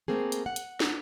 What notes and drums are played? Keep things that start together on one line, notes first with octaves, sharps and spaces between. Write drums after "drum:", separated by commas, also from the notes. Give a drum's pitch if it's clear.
A3 A#3 C4 G#4
drum: hi-hat
F#5
drum: hi-hat
drum: snare